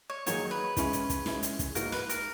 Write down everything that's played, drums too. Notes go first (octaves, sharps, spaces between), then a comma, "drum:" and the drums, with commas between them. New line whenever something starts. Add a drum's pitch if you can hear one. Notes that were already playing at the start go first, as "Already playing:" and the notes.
C#5
D#3 F#3 A#3 D#4 G#4 C#5, drum: hi-hat
B4
E3 G#3 C#4 E4, drum: kick, hi-hat
drum: hi-hat
drum: kick, hi-hat
E3 G#3 C#4 E4, drum: snare
drum: hi-hat
drum: kick, hi-hat
G#2 E3 A#3 D#4 F#4 A#4, drum: hi-hat
B4, drum: snare
A#4, drum: hi-hat